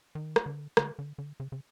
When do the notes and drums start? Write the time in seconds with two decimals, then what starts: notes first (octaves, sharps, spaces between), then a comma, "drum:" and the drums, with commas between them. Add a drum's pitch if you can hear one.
0.15 D#3
0.36 drum: rim click
0.46 D3
0.77 D3, drum: rim click
0.99 D3
1.18 D3
1.40 C#3
1.52 C#3